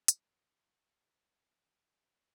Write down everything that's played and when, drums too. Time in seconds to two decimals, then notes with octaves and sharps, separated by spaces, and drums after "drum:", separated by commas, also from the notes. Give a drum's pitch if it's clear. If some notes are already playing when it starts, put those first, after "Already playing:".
0.08 C2 F#2 E3, drum: hi-hat